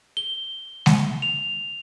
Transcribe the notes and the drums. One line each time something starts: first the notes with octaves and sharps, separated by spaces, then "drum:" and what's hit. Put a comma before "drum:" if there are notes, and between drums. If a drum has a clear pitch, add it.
G7
drum: snare G#3
F7